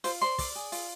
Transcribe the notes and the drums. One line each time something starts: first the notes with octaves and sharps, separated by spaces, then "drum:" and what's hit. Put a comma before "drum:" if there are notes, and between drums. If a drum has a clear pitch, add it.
F4 C5 C6, drum: open hi-hat
C5 D5 C6
D5, drum: kick, open hi-hat
G#4
F4, drum: open hi-hat